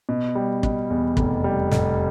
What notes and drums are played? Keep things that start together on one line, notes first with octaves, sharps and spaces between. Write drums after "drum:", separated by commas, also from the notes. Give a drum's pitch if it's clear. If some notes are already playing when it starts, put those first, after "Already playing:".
B2
G3
B2, drum: kick
E2
F1, drum: kick
G3
F1, drum: snare